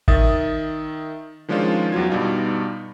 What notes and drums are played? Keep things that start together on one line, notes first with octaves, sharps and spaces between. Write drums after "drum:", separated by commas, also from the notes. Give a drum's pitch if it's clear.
D#3 E5 D#6 A6, drum: kick G#1
D#3 F3 G#3 C#4 D4 F4
E2 F#3 F4 G#6
G2 B2 G3 D#4 F4